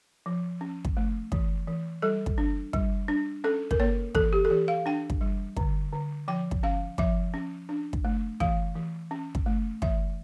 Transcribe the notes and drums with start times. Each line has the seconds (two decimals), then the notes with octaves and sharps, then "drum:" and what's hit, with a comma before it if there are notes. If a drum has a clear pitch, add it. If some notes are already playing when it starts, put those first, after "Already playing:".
0.26 F3
0.61 C#4
0.85 drum: kick
0.97 A3
1.32 E3, drum: kick
1.67 E3
2.02 G3 A4
2.26 drum: kick
2.38 D4
2.73 G3, drum: kick
3.08 D4
3.44 C#4 A4
3.71 A#4, drum: kick
3.80 A#3 C#5
4.15 E3 A4, drum: kick
4.33 G4
4.45 A4
4.50 E3 G4
4.68 F5
4.86 D4 G5
5.10 drum: kick
5.21 G3
5.57 D3, drum: kick
5.92 D3
6.28 F3 G5
6.51 drum: kick
6.63 C#4 F5
6.98 F3 E5, drum: kick
7.34 C#4
7.69 D4
7.93 drum: kick
8.05 A3
8.40 E3 F5, drum: kick
8.75 E3
9.11 C#4
9.35 drum: kick
9.46 A3
9.82 E3 E5, drum: kick